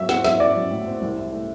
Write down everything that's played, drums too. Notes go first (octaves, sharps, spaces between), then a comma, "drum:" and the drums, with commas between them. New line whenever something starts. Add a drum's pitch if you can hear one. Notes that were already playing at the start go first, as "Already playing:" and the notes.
Already playing: F#3 E4 E5
C4 F#5, drum: snare
F#3 E5, drum: snare
E4 D5
F#3
A2
C4
C2
E4
A3